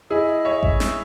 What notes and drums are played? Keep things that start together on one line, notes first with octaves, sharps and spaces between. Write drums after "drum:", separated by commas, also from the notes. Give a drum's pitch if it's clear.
E4 G#4 D#5
C#5 E5
drum: kick A1
drum: snare